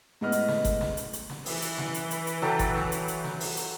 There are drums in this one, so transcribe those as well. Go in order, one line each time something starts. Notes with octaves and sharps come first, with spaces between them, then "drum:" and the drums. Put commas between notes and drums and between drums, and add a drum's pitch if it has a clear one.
A2 G#3 B3 D#5 F6
drum: hi-hat
drum: snare
drum: kick G1, hi-hat
drum: snare
drum: hi-hat
drum: hi-hat
drum: snare
E3, drum: open hi-hat
drum: hi-hat
drum: snare
drum: hi-hat
drum: hi-hat
drum: hi-hat
F#3 A4 G5, drum: snare
drum: kick G1, hi-hat
drum: snare
drum: hi-hat
drum: hi-hat
drum: snare
drum: open hi-hat
drum: hi-hat